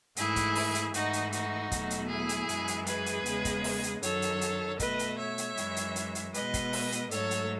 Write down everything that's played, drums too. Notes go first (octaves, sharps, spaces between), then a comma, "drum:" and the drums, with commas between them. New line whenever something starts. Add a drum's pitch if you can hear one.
G#2 E3 A3 E4 G#4, drum: hi-hat
drum: kick, hi-hat
drum: open hi-hat
drum: hi-hat
G#2 E3 A3 D#4 F#4, drum: hi-hat
drum: hi-hat
D#4 F#4, drum: hi-hat
E2 B2 F#3 A3, drum: kick, hi-hat
drum: hi-hat
E4 G#4
drum: hi-hat
F#2 E3 G#3, drum: hi-hat
drum: hi-hat
G#4 B4, drum: hi-hat
drum: hi-hat
E2 C#3 G#3, drum: hi-hat
drum: kick, hi-hat
drum: open hi-hat
drum: hi-hat
F#2 D#3 F#3 A4 C#5, drum: hi-hat
drum: hi-hat
drum: hi-hat
B2 A3 B4 D#5, drum: kick, hi-hat
drum: hi-hat
C#5 E5
drum: hi-hat
F#2 E3 G#3, drum: hi-hat
drum: hi-hat
drum: hi-hat
drum: hi-hat
B2 G#3 B4 D#5, drum: hi-hat
drum: kick, hi-hat
drum: open hi-hat
drum: hi-hat
G#2 F#3 A3 A4 C#5, drum: hi-hat
drum: hi-hat